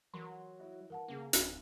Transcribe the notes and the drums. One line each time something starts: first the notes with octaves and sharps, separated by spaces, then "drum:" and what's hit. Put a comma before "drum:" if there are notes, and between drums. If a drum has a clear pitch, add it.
E3 F#3 A#4 C6
E4 F#4 D#5
E3 A#4 F#5 A5
C#3 A#3 C#4
D1 C4 D#4, drum: hi-hat